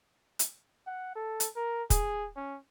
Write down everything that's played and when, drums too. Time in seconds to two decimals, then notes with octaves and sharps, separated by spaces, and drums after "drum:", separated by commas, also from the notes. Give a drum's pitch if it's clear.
0.39 drum: hi-hat
0.87 F#5
1.15 A4
1.40 drum: hi-hat
1.56 A#4
1.90 G#4, drum: kick, hi-hat
2.36 C#4